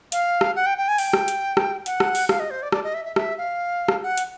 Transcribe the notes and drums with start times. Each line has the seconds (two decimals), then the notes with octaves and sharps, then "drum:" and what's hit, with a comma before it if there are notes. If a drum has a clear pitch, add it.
0.12 F5, drum: hi-hat
0.41 drum: rim click
0.56 F#5
0.66 G5
0.78 G5
0.88 G#5
0.98 G5, drum: open hi-hat
1.13 drum: rim click
1.28 drum: hi-hat
1.57 drum: rim click
1.86 F#5, drum: hi-hat
2.00 drum: rim click
2.15 drum: open hi-hat
2.29 F5, drum: rim click
2.40 D#5
2.50 C5
2.62 D5
2.72 D5, drum: rim click
2.84 D#5
2.94 E5
3.05 E5
3.16 E5, drum: rim click
3.38 F5
3.88 drum: rim click
4.03 F#5
4.17 drum: hi-hat